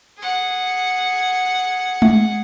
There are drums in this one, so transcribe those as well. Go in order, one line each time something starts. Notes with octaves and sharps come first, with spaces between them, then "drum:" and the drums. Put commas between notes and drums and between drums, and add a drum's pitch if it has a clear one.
G#4 F#5
drum: tom G#3